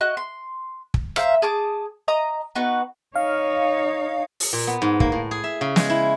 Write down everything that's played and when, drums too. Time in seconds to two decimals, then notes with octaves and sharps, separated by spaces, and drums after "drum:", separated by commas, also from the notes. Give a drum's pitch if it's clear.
0.01 F#4 D#5 F#6
0.17 C6
0.94 drum: kick
1.16 C5 E5 F5 A#5, drum: rim click
1.42 G#4 A5 D6 D#6
2.08 D#5 A#5 D#6
2.55 B3 D#4 F#4 B4
3.15 D#4 C#5 F5
4.40 drum: open hi-hat
4.53 A#2
4.67 B3
4.82 G#2
5.00 A#3, drum: kick
5.12 A2
5.31 G#4
5.44 E5
5.61 C#3
5.76 G#3, drum: snare
5.90 E4